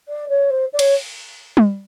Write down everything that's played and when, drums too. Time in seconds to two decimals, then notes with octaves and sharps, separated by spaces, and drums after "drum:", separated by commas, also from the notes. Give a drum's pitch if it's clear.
0.08 D5
0.28 C#5
0.50 C5
0.73 D5
0.79 C#5, drum: cymbal
1.57 drum: tom G3